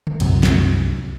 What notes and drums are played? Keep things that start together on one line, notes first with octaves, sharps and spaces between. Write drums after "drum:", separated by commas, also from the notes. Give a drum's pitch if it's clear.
drum: tom C#3
C2 F#2, drum: cymbal
drum: snare